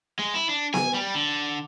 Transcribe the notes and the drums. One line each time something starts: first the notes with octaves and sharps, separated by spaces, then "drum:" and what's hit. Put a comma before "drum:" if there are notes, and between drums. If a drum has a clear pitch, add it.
G#3
E4
D4
G#5, drum: snare B3
G3
D3